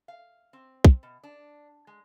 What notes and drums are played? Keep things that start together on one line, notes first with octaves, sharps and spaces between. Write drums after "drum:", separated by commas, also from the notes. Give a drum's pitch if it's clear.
F5
C4
drum: kick
B2
D4
G#3